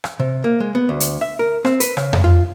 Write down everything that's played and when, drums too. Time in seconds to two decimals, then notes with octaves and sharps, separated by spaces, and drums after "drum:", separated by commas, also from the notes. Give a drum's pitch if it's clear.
0.04 drum: rim click
0.20 C3
0.44 A#3
0.60 G#3
0.75 B3
0.89 D2
1.00 drum: hi-hat
1.21 E5
1.39 A#4
1.65 C4, drum: rim click
1.80 B4, drum: hi-hat
1.97 C#3, drum: rim click
2.13 drum: tom F2
2.24 F4